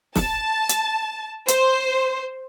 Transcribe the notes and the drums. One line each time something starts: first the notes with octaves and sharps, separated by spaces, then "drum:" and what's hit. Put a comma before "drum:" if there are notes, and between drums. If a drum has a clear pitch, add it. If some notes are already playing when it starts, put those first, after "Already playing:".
A5, drum: snare
drum: hi-hat
C5, drum: hi-hat